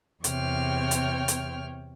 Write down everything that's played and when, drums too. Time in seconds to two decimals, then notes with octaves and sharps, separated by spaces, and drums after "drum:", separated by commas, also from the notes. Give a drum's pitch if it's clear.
0.24 E2 C3 C#5 G5 F6, drum: hi-hat
0.91 drum: hi-hat
1.28 drum: hi-hat